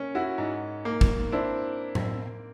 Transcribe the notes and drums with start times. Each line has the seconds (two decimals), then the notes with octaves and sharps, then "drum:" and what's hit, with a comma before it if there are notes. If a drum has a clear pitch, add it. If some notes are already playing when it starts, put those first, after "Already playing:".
Already playing: A#3 C#4
0.15 E4 F#4
0.38 G#2
0.85 A#3
1.01 drum: kick
1.32 C4 D4 E4
1.95 drum: tom A2